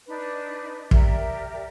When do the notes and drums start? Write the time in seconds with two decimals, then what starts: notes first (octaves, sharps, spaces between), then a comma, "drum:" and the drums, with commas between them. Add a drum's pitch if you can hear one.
0.07 D4 D#4 B4
0.91 G4 A#4 D5 E5, drum: kick